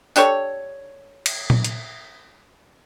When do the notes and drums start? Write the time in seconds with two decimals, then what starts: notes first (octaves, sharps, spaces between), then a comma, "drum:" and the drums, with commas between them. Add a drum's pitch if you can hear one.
0.16 D4 G4 A4 C#5, drum: tambourine
1.26 drum: cymbal
1.50 drum: tom A#2
1.64 drum: hi-hat